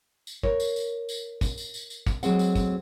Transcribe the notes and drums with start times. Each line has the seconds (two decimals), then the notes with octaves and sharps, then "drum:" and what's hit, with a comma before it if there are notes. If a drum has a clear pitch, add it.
0.27 drum: tambourine
0.43 A#4 C#5, drum: kick
0.60 drum: tambourine
0.76 drum: tambourine
1.09 drum: tambourine
1.41 drum: kick, tambourine
1.58 drum: tambourine
1.74 drum: tambourine
1.90 drum: tambourine
2.07 drum: kick, tambourine
2.23 D2 F#3 G#3 C4 F#5, drum: tambourine
2.39 drum: tambourine
2.55 drum: kick, tambourine